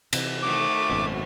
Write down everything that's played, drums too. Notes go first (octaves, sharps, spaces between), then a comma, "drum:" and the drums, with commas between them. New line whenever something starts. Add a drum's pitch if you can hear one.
C3 E3, drum: cymbal
D#3 A3 D6
G#1 F#2 B2